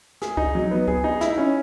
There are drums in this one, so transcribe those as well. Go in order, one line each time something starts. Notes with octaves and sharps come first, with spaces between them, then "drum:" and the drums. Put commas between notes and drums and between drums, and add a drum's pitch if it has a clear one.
G#4, drum: snare
D#4, drum: kick
F#3
B3
G#4, drum: kick
D#4
E4, drum: snare
C#4